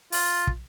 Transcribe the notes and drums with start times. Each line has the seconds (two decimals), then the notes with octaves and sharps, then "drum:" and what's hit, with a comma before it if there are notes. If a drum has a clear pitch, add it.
0.12 F4, drum: open hi-hat
0.47 drum: kick